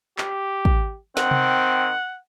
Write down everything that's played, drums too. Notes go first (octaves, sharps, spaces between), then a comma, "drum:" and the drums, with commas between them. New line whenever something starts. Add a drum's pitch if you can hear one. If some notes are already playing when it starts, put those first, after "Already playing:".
G4, drum: clap
drum: kick
D#3 C4 F#5, drum: snare
drum: tom C3